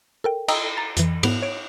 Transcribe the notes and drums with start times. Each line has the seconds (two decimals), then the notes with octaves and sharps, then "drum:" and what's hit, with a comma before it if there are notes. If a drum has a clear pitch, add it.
0.24 A4 A#4 G5
0.48 D#5 G5 A#5 D#6 E6, drum: cymbal
0.77 A#5 A6
0.97 F2 E3, drum: hi-hat
1.23 G#2 B3, drum: cymbal
1.42 C#5 D7